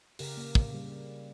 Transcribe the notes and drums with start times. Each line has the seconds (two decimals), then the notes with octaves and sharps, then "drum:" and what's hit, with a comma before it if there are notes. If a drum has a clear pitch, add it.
0.19 C#3 G4 A#4, drum: open hi-hat
0.37 A#3
0.55 C#3, drum: kick
0.74 G3